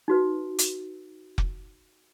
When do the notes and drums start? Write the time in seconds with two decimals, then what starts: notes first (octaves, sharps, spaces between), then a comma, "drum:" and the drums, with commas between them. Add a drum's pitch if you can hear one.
0.08 D#4 F#4 B4
0.59 drum: hi-hat
1.38 drum: kick F1